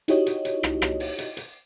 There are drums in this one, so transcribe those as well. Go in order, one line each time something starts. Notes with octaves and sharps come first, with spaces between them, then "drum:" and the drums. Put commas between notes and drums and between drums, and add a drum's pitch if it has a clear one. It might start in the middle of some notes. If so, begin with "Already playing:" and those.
D#4 E4 F#4 G4 C#5 D#5, drum: hi-hat
drum: hi-hat
drum: hi-hat
drum: rim click
drum: rim click
drum: open hi-hat
drum: hi-hat
drum: hi-hat